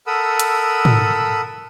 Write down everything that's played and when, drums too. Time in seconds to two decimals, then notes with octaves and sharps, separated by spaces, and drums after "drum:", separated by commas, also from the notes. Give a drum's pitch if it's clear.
0.07 A4 A#4 F#5 B5 D#6 E6
0.40 drum: hi-hat
0.85 drum: tom